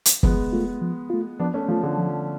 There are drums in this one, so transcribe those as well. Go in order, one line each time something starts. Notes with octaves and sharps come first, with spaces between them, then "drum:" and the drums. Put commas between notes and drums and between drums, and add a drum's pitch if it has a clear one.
drum: hi-hat
F3 G#3 B3, drum: kick
A3 F4
F3
A3 F4
F3 B3 D4
A3 C#4
F3 A3 F4
D3
F3